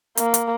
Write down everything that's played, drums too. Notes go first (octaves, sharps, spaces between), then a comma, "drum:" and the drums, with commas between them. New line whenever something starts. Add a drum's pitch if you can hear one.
A#3, drum: hi-hat
drum: hi-hat